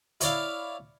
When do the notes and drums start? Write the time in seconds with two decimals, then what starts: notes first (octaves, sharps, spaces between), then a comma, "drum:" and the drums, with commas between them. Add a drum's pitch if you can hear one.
0.21 E4 C#5 D5 F5, drum: hi-hat